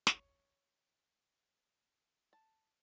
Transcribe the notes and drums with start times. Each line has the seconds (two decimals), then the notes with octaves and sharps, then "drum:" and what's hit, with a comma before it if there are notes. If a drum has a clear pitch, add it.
0.07 C#5, drum: snare
2.33 A5